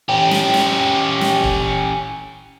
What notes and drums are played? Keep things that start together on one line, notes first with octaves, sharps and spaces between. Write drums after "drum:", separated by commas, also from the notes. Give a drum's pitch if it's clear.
C#4 G4
drum: snare
drum: snare
drum: snare
drum: kick